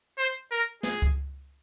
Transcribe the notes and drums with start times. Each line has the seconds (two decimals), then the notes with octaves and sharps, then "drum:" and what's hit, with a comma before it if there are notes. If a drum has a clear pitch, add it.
0.18 C5
0.52 A#4
0.83 G#4, drum: snare
1.02 drum: kick C#2